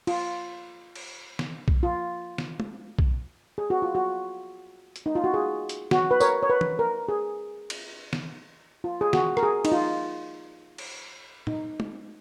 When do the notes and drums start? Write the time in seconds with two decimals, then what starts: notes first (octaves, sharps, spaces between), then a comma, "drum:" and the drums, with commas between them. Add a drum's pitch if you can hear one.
0.07 F4, drum: cymbal
0.96 drum: cymbal
1.39 drum: snare
1.68 drum: kick B1
1.83 F4
2.38 drum: snare
2.60 drum: tom
2.99 drum: kick B1
3.58 G#4
3.70 F#4
3.82 F4
3.95 F#4
4.96 drum: hi-hat
5.06 D#4
5.15 F4
5.24 F#4
5.34 G#4
5.69 drum: hi-hat
5.91 F#4, drum: snare
6.11 B4
6.20 A#4 C#5, drum: tambourine
6.43 C#5
6.50 B4
6.61 drum: tom E3
6.79 A#4
7.09 G#4
7.70 drum: cymbal
8.13 drum: snare
8.84 F4
9.01 G#4
9.13 F#4, drum: snare
9.37 A#4, drum: rim click
9.43 G#4
9.65 D#4, drum: cymbal
9.72 F4
10.78 drum: cymbal
11.47 D#4, drum: tom A2
11.80 drum: tom